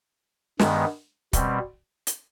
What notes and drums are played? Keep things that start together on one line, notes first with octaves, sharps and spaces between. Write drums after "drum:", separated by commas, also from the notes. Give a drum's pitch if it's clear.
G2 D#3 G#3 B3, drum: snare
B2 G3 C4, drum: kick, hi-hat
drum: hi-hat